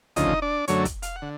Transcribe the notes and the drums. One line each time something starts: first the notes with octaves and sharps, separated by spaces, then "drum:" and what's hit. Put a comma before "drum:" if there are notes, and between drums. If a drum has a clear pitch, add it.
D2 C#3 F3 D#4 D#5, drum: kick, hi-hat
D4 D5
F#2 D3 F#3 A3 C#4 C#5, drum: hi-hat
drum: kick, hi-hat
F5, drum: hi-hat
F#5
D3